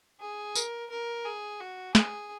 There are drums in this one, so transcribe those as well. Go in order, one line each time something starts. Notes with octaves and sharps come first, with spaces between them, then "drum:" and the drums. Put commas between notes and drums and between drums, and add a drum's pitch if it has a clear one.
G#4
A#4, drum: tambourine
A#4
G#4
F#4
G#4, drum: snare